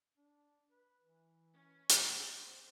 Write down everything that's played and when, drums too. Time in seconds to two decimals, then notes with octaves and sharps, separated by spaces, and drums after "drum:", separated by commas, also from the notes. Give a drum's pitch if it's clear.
0.17 D4
0.71 B4
1.03 E3
1.53 C#4
1.89 C4, drum: hi-hat
2.32 C5